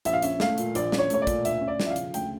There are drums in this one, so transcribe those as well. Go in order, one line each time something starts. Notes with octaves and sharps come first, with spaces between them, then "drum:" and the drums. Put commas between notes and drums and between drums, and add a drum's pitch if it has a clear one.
A#1 E5, drum: hi-hat
F5
C#4 E5, drum: hi-hat
A3 F5, drum: snare
A#2, drum: hi-hat
A#1 D5, drum: hi-hat
C#4, drum: snare
C#5
A3 C#5, drum: hi-hat
D5
A#2, drum: kick, hi-hat
D2 E5, drum: hi-hat
C#4
D5
F3, drum: snare
E5
F5
C#3, drum: hi-hat
D2 G5, drum: hi-hat